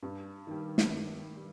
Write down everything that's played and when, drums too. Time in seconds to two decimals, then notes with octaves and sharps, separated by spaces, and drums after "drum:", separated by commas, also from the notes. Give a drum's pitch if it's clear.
0.03 G2
0.47 D#3 G3
0.78 drum: snare
0.92 G2
1.36 G3